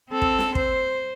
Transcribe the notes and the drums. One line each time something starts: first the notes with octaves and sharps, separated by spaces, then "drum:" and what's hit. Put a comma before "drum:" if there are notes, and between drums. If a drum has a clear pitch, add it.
C4 A4
drum: kick
drum: snare
C5, drum: kick